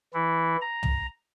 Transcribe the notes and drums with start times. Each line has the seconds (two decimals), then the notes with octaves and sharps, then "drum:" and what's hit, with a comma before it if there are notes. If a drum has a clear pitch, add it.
0.14 E3 E4
0.61 A#5
0.83 drum: tom